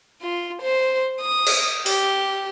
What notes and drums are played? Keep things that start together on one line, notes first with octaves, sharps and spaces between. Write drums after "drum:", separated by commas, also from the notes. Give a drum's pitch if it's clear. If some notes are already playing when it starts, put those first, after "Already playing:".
F4
C5
D#6
drum: cymbal
G4, drum: open hi-hat